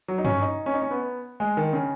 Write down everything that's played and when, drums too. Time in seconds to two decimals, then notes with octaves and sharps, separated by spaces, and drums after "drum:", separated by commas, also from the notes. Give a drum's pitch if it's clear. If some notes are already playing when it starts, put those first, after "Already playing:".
0.08 F#3
0.18 D#4
0.25 C#4, drum: tom G2
0.42 D#4
0.66 C#4
0.74 D#4
0.82 C#4
0.91 B3
1.40 G#3
1.57 D#3
1.73 C#3